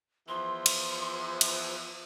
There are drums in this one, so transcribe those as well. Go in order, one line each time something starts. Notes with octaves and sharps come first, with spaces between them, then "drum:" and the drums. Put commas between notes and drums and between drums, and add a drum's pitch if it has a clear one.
E2 E3 F3 C6
drum: cymbal
drum: cymbal